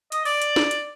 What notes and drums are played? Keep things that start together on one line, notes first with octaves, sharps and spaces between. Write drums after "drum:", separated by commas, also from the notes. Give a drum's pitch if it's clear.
D#5, drum: hi-hat
D5, drum: open hi-hat
drum: hi-hat
drum: snare
drum: hi-hat